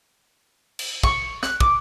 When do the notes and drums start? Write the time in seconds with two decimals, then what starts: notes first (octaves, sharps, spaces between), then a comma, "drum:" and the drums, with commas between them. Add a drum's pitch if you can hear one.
0.79 drum: cymbal
1.03 C#6, drum: kick
1.43 F#6, drum: snare
1.60 D6, drum: kick